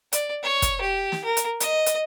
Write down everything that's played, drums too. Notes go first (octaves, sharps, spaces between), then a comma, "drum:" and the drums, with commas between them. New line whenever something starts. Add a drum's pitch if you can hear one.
D5, drum: hi-hat
C#5
drum: kick, hi-hat
G4
drum: snare
A#4
drum: hi-hat
D#5, drum: hi-hat
drum: hi-hat